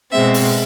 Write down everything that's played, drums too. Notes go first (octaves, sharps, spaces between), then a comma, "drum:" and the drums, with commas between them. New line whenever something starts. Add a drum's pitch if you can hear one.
B2 G#3 C4 E5
drum: open hi-hat